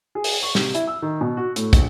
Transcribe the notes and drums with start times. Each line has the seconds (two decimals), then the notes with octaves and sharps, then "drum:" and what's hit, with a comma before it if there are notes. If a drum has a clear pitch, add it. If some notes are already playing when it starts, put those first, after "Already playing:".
0.15 G#4
0.24 drum: open hi-hat
0.43 C#6
0.55 C3, drum: snare
0.75 E4, drum: hi-hat
0.87 E6
1.02 D#3
1.21 B2
1.37 F#4
1.56 A2, drum: hi-hat
1.73 A#1, drum: kick, hi-hat